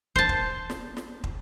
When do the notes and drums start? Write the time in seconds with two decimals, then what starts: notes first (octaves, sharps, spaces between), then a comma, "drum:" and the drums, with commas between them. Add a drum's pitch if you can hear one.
0.16 C5 A5, drum: kick
0.29 drum: kick
0.70 drum: snare
0.97 drum: snare
1.24 drum: kick